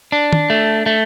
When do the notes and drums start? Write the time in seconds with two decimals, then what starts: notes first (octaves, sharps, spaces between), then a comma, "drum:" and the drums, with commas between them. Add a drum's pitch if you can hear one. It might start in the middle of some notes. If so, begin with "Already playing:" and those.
0.12 D4
0.33 drum: tom D#3
0.50 A3
0.86 A3